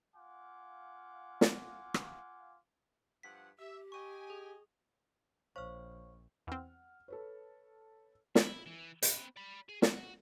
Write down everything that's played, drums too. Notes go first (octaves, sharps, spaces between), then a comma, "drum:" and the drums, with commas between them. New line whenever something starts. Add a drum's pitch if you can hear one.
F4 F5 F#5 G#5 D6
drum: snare
drum: rim click
G2 F3 F#5 B6
G4 E5
D#5 G5 G#5 C#6 D#7
G#4 D#7
A#1 C5 C#5 F5 C#6 F6
E2 C4 F#5 F6
A4 B4 C#5
E4, drum: snare
E3
C4 B4, drum: hi-hat
D5 B5
G#4
F#4, drum: snare